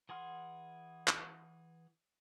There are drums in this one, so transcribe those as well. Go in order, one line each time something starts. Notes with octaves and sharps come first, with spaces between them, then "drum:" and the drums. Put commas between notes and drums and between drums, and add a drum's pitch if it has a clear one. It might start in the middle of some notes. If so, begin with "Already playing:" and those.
E3 G#4 F#5 C6 F6
drum: clap